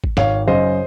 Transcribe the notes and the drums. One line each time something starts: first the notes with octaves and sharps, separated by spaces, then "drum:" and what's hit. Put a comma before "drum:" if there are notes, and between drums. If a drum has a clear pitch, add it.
drum: kick G#1
G#1 C#5 F5, drum: snare
F#2 C#3 C5 D#5